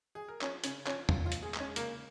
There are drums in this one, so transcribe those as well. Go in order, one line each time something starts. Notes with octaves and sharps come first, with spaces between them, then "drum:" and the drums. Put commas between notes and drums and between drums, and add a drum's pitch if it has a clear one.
G#4
A#4
F3 C#4 C#5, drum: clap
C#3 C#4 C#5, drum: hi-hat
F3 C#4 C#5, drum: clap
A#2 F4, drum: tom
F4
A#2, drum: hi-hat
G#4
G#3, drum: clap
C#4 C#5
C#3 A#3 A#4, drum: hi-hat